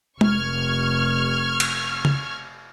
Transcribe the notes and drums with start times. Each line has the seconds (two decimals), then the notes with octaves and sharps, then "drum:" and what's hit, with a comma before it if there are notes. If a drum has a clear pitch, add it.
0.21 F1 C#6 F6 G#6, drum: tom G#3
1.60 drum: cymbal
2.05 drum: tom C#3